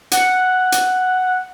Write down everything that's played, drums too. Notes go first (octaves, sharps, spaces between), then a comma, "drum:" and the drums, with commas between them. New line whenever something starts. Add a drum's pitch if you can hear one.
F#5, drum: hi-hat
drum: hi-hat